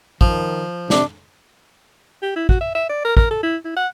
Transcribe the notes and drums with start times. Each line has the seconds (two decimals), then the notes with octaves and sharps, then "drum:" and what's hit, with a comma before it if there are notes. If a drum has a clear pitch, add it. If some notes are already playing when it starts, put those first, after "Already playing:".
0.21 D#3 F3, drum: kick
0.90 C3 D4, drum: snare
2.22 G4
2.36 E4
2.49 F#4, drum: kick
2.61 E5
2.75 E5
2.89 D5
3.05 A#4
3.17 A#4, drum: kick
3.31 A4
3.43 E4
3.65 E4
3.77 F#5